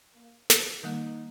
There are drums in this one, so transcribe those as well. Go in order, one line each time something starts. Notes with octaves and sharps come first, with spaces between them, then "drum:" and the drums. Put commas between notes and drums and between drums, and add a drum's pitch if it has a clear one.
A#3
D4, drum: snare
D#3 G3 A#3 D#4